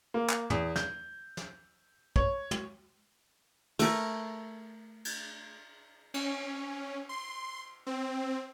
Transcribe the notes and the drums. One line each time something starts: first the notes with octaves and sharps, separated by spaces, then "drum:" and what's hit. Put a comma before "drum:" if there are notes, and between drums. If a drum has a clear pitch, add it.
A#3
drum: clap
E2, drum: tom
G6, drum: snare
drum: snare
C#5, drum: kick
drum: tom
A3 A#4, drum: cymbal
drum: cymbal
C#4, drum: cymbal
C6
C4